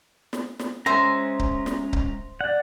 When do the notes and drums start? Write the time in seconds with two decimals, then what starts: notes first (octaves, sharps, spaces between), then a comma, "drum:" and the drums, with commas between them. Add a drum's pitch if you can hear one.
0.33 drum: snare
0.59 drum: snare
0.86 G#3 C#4 C5 E5 A#5 C6
1.39 drum: kick C#1
1.66 drum: snare
1.93 drum: kick C#1
2.41 D5 F#5